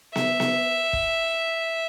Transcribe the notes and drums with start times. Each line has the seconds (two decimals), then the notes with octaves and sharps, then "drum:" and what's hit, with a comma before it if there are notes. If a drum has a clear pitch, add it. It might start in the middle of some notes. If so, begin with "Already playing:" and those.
0.16 E5, drum: snare B3
0.40 drum: snare B3
0.93 drum: kick